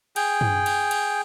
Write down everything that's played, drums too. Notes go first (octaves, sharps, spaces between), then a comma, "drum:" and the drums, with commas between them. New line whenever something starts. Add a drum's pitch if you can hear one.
G#4 G5, drum: cymbal
drum: tom
drum: cymbal
drum: cymbal